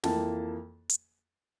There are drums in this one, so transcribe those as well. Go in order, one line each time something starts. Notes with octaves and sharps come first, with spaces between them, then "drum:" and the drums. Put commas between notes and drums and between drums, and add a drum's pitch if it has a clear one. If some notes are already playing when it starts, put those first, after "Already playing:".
F2 E3 A#3 A5, drum: snare
drum: hi-hat